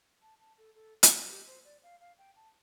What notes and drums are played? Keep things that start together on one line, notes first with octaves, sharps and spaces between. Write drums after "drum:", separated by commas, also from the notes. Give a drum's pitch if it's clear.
A5
A5
A4
A4
F4, drum: hi-hat
G4
C5
D5
F5
F5
G5
A5